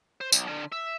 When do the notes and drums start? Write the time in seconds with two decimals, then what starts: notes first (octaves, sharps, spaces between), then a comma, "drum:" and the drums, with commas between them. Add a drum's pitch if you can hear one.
0.21 C5
0.32 B1, drum: tambourine
0.48 D3
0.72 E5